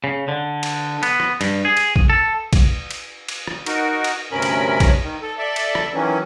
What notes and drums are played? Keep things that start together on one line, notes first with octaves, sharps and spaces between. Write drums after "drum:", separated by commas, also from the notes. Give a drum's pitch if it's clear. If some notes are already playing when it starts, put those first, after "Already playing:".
C#3
D3
drum: cymbal
B3, drum: cymbal
drum: rim click
G2, drum: cymbal
G#4
drum: cymbal
drum: kick A#1
A4
drum: kick A#1, cymbal
drum: cymbal
drum: cymbal
drum: rim click
D#4 F#4 A#4, drum: cymbal
drum: cymbal
D2 G2 C3 C#4 A#4 B5
drum: cymbal
drum: kick A#1, cymbal
D#3
A4
A4 D5 E5
drum: cymbal
drum: rim click
D#3 E3 F#3 C#4